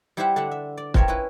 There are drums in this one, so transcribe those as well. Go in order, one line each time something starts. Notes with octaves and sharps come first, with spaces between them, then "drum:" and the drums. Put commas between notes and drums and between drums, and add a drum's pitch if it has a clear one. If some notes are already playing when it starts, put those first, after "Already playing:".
G3 E4 G4 C5 E5 F#5
D3 D4 E5 F#5
E5
D5
C4 F4 A#4 C#5 E5, drum: kick
C#4 E4 B4